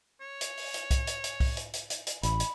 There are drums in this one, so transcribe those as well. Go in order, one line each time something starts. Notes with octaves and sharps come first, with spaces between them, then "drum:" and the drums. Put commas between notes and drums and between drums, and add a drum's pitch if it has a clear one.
C#5
drum: hi-hat
drum: open hi-hat
drum: hi-hat
drum: kick C2, hi-hat
drum: hi-hat
drum: hi-hat
drum: kick C2, open hi-hat
drum: hi-hat
drum: hi-hat
drum: hi-hat
drum: hi-hat
A1 B5, drum: hi-hat
drum: hi-hat